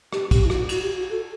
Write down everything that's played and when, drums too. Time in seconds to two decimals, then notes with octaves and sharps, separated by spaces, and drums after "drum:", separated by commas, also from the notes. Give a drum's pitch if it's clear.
0.13 G4, drum: rim click
0.31 G4, drum: kick, cymbal
0.46 E4
0.50 F#4, drum: rim click
0.69 F#4, drum: cymbal
0.83 G4
0.97 F#4
1.10 A4